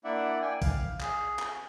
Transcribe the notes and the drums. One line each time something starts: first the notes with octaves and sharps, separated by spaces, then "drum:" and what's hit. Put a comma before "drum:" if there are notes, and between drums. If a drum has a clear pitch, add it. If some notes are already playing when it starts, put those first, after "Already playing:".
A#3 D4 E4 D5 E5 F#5
D5 G5 G#5
F5, drum: kick A#1, open hi-hat
G#4, drum: clap
drum: clap